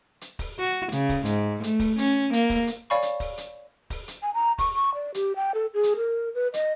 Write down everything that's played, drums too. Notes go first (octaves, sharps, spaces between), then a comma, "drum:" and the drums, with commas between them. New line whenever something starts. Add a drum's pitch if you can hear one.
drum: hi-hat
drum: kick, open hi-hat
F#4
C#3, drum: hi-hat
drum: kick, open hi-hat
G#2, drum: hi-hat
A3, drum: hi-hat
drum: kick, open hi-hat
C#4, drum: hi-hat
A#3, drum: hi-hat
drum: kick, open hi-hat
drum: hi-hat
C#5 D5 F5 G#5 B5 C#6
drum: hi-hat
drum: kick, open hi-hat
drum: hi-hat
drum: kick, open hi-hat
drum: hi-hat
G#5
A#5
C#6, drum: kick, open hi-hat
C#6
D5
G4, drum: hi-hat
G5
A4
G#4
drum: hi-hat
A#4
B4
D#5, drum: hi-hat